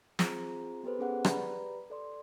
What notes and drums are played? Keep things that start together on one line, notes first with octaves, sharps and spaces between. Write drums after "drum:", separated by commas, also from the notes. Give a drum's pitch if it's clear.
C4 F4 G#4 C5 A#5, drum: snare
B3 G4 A4 B4 C5
B3 C#4 G#4 F#5 F#6
G4 B4 D5 A#5 B5, drum: rim click
A4 D5 C6